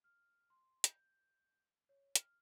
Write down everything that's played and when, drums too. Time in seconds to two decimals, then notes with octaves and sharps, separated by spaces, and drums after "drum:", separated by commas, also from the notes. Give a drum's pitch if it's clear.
0.04 F6
0.50 C6
0.84 G6, drum: hi-hat
1.89 C#5
2.15 F6, drum: hi-hat